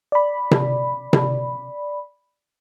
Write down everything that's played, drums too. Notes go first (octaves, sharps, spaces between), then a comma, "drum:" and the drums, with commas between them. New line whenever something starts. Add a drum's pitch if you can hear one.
D5 B5
drum: tom C3
drum: tom C3